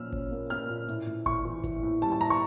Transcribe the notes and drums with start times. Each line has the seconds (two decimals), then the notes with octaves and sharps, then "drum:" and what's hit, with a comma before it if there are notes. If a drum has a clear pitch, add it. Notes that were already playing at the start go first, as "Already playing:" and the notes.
Already playing: A#2 F3 C#4 E6 F6
0.13 C#4, drum: kick G#1
0.31 A#3
0.50 A#3 F6
0.69 A#2
0.88 A2, drum: hi-hat
1.07 A2
1.26 A2 C#6, drum: kick G#1
1.45 E3
1.64 E3, drum: kick G#1, hi-hat
1.83 A2
2.02 G3 A5
2.12 A5
2.21 A2 A#5
2.30 C#6